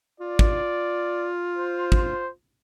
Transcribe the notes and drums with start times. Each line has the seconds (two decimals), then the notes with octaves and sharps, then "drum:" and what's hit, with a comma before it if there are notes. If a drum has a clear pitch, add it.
0.20 F4 D5
0.39 drum: kick
1.57 C5
1.92 drum: kick